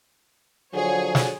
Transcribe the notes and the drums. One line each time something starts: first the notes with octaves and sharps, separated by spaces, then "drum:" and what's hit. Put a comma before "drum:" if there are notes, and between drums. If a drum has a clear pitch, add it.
D3 F3 F#3 G#4 C#5
drum: snare